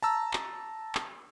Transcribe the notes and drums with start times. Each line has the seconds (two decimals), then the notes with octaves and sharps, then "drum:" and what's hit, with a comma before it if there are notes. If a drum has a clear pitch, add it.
0.03 A5 A#5 E6
0.33 drum: clap
0.95 drum: clap